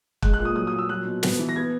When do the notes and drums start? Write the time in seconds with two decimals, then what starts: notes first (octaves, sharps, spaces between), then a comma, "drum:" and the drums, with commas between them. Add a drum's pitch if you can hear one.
0.22 G#3 F#6, drum: kick
0.34 F#6
0.39 A#2
0.45 D#6
0.55 F#3 D#6
0.67 D#6
0.73 A#2
0.79 E6
0.89 F#3 F#6
1.06 B2
1.23 B3, drum: snare
1.39 E3
1.49 A#6
1.56 B3 G#6